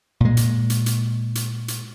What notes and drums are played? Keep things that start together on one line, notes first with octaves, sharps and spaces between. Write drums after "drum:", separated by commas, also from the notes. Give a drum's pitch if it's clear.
A#2 G#3
drum: hi-hat
drum: hi-hat
drum: hi-hat
drum: hi-hat
drum: hi-hat